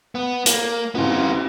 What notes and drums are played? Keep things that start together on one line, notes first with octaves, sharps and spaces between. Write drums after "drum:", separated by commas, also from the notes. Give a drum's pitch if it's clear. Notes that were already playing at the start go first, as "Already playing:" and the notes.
B3
A#3, drum: hi-hat
B3 F4, drum: cymbal